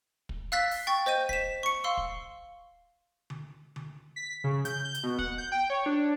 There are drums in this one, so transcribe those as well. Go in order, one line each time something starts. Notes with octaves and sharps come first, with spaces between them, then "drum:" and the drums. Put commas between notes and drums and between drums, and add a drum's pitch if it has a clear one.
drum: kick
F5 E6 F#6 A6 B6
drum: open hi-hat
G5 C#6 A6
C5 D#5 G6 D#7
B6 E7, drum: kick
C#6 C#7
F5 C6 C#6 E6
drum: kick
drum: tom D3
drum: tom D3
B6
C#3
G6, drum: hi-hat
G6
drum: hi-hat
B2
F#5, drum: kick
G6
G5
C#5
D4